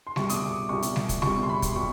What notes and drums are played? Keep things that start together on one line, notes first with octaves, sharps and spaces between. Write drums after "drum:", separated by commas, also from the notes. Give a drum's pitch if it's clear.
C6
C2 B2 G3 C#6, drum: snare G3
D#6, drum: hi-hat
D6
D6
C2 B2 G3 C#6
drum: hi-hat
drum: snare G3
drum: kick, hi-hat
C2 B2 G3 C#6, drum: snare G3
C6
B5
drum: kick, hi-hat
B2 G3 C#6